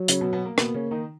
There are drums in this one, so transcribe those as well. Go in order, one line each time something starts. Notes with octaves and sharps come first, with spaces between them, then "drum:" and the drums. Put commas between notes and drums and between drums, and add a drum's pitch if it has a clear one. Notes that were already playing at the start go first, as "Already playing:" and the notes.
Already playing: F#3
C#3 C#4, drum: hi-hat
B2 B3
B2 B3
A#3
B2 A#3 B3, drum: rim click
C#3 C#4
D#3 D#4